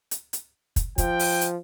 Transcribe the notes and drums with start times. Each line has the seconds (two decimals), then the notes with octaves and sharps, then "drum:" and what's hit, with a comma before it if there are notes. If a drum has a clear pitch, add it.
0.11 drum: hi-hat
0.33 drum: hi-hat
0.76 drum: kick, hi-hat
0.98 F3 G5, drum: kick, hi-hat
1.19 drum: open hi-hat
1.41 drum: hi-hat